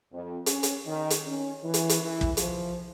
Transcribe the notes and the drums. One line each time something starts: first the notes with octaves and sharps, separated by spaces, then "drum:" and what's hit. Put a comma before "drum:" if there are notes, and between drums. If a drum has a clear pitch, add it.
F2
C#4, drum: hi-hat
drum: hi-hat
D#3
drum: hi-hat
C#4
E3
drum: hi-hat
drum: hi-hat
E3
drum: kick
F3, drum: hi-hat